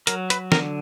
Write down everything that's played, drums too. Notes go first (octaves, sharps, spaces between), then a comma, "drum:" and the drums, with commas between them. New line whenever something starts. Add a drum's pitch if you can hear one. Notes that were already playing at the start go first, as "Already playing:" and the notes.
F#3 A#4, drum: hi-hat
B4, drum: hi-hat
D3 A#4, drum: snare